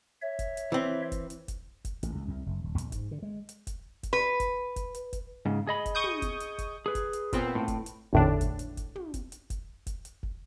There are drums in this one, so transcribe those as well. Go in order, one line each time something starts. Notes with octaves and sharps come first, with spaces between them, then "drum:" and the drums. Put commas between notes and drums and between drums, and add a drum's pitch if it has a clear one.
C#5 E5
drum: kick F1, hi-hat
drum: hi-hat
E3 C4
drum: kick F1, hi-hat
drum: hi-hat
drum: kick F1, hi-hat
drum: kick F1, hi-hat
A1, drum: hi-hat
C#2
C2
F#1
D#1
A#1, drum: hi-hat
G#2, drum: kick F1, hi-hat
D3
G#3
drum: hi-hat
drum: kick F1, hi-hat
drum: kick F1, hi-hat
B4
drum: kick F1, hi-hat
drum: kick F1, hi-hat
drum: hi-hat
drum: kick F1, hi-hat
G#2 C#3
G#4 D#5 B5
drum: kick F1, hi-hat
C#6 D#6 G6
drum: tom
drum: kick F1, hi-hat
drum: hi-hat
drum: kick F1, hi-hat
G#4 B4
drum: kick F1, hi-hat
drum: hi-hat
A#2 B3 C4, drum: kick F1, hi-hat
A2
drum: kick F1, hi-hat
drum: hi-hat
G#1 E2 A2 D3 D4
drum: kick F1, hi-hat
drum: hi-hat
drum: kick F1, hi-hat
drum: tom
drum: kick F1, hi-hat
drum: hi-hat
drum: kick F1, hi-hat
drum: kick F1, hi-hat
drum: hi-hat
drum: kick F1